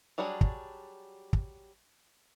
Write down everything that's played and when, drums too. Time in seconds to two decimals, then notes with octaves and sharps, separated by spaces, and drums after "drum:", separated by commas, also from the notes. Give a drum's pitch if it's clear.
0.18 F#3 G3 D4 F#4 G#4
0.41 drum: kick
1.33 drum: kick